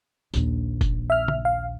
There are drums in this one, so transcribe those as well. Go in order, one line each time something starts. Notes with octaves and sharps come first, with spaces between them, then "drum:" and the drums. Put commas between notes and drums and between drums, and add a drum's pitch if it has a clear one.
A#1 D#2, drum: tambourine
drum: kick, tambourine
E5 F6
drum: tom
F5